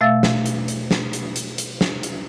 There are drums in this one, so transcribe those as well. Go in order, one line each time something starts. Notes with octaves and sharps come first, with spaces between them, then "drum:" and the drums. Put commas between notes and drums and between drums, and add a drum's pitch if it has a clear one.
B2 A3 E5 F5 E6 A6
drum: snare
drum: hi-hat
drum: hi-hat
drum: snare
drum: hi-hat
drum: hi-hat
drum: hi-hat
drum: snare
drum: hi-hat